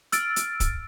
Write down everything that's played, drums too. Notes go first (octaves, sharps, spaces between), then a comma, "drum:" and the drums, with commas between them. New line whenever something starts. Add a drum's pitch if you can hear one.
E6 F6 A6 D7, drum: hi-hat
drum: hi-hat
drum: kick, hi-hat